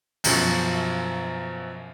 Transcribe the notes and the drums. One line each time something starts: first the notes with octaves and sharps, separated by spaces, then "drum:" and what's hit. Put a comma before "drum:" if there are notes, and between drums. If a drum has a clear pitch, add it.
F#2 B2 F3 C#6, drum: cymbal